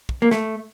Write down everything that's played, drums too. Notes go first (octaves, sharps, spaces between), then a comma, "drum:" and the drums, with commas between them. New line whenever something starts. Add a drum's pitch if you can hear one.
drum: kick
A#3
A3, drum: snare